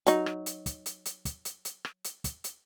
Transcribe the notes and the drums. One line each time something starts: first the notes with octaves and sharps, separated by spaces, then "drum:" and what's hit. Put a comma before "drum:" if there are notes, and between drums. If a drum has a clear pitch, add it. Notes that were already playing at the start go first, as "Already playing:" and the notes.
F#3 D#4, drum: hi-hat
drum: rim click
drum: hi-hat
drum: kick, hi-hat
drum: hi-hat
drum: hi-hat
drum: kick, hi-hat
drum: hi-hat
drum: hi-hat
drum: rim click
drum: hi-hat
drum: kick, hi-hat
drum: hi-hat